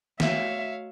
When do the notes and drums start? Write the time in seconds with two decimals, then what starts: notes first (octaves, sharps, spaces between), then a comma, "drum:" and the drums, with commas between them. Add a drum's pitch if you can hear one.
0.20 A3 F#4 C#5 E5 F5, drum: snare